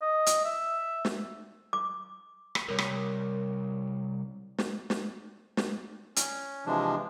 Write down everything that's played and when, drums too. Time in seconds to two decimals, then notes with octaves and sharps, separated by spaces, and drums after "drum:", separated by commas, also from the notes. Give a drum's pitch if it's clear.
0.02 D#5
0.26 drum: hi-hat
0.45 E5
1.05 drum: snare
1.73 D6
2.55 drum: rim click
2.69 C2 A#4 C#5
2.78 drum: rim click
4.58 drum: snare
4.90 drum: snare
5.57 drum: snare
6.16 C#4, drum: hi-hat
6.66 C3 E3 F3 G#3 D4